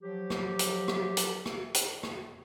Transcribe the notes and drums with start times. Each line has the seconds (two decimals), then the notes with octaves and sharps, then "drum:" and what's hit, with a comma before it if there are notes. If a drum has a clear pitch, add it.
0.01 F3 F#3 G4
0.30 drum: rim click
0.59 drum: hi-hat
0.88 drum: rim click
1.17 drum: hi-hat
1.46 drum: rim click
1.74 drum: hi-hat
2.03 drum: rim click